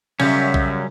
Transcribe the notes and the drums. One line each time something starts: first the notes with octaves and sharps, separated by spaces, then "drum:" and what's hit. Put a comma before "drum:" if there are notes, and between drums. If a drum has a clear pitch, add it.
F#2 C#3 F#3 G3 C#4 E5 G6, drum: cymbal
drum: kick